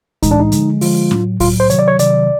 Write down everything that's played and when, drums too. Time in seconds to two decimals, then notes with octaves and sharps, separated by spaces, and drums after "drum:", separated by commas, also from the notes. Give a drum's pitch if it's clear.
0.23 A2 E3 G#3 D#4, drum: kick C2, hi-hat
0.31 D4
0.40 D#4
0.52 D3 F3 G#3, drum: hi-hat
0.81 D3 F3 G#3 F4, drum: open hi-hat
1.11 A2 F#3, drum: snare
1.40 A2 F#3 F4, drum: kick C2, open hi-hat
1.60 C5
1.70 C3 D#3 F#3 C#5, drum: hi-hat
1.79 D5
1.88 C#5
1.99 C3 D#3 F#3 D5, drum: hi-hat